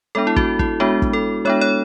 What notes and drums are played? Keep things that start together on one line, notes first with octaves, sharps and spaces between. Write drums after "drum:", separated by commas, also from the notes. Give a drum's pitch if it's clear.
G#3 B3 D4 A4
E4
F#4, drum: kick
E4, drum: kick
G#3 B3 D4 F#4
drum: kick
A4
G#3 B3 D4 C#5
C#5